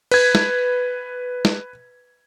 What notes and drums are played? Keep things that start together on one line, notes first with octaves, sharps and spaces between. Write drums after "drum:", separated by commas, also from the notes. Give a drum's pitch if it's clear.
B4 G#6, drum: cymbal
drum: snare
drum: snare